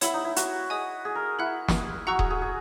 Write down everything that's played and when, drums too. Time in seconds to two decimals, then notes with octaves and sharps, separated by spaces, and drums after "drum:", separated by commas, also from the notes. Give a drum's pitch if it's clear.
0.01 E4 C#5 F#5 B5 E6, drum: hi-hat
0.14 D#4
0.25 E4
0.36 F#4, drum: hi-hat
0.70 G#4 D#5 G#5 D#6
1.05 G#4
1.15 A#4
1.39 E4 F#5 B5 F#6
1.69 drum: snare
2.07 F#4 F#5 A#5 C#6 E6
2.19 G#4, drum: kick D#1
2.31 G#4
2.42 G#4